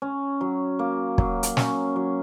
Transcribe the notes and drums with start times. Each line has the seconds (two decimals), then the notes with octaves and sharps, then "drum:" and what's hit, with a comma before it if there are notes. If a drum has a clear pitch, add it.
0.02 C#4
0.41 F#3
0.79 A#3
1.18 F#3, drum: kick
1.43 drum: hi-hat
1.57 C#4, drum: snare
1.96 F#3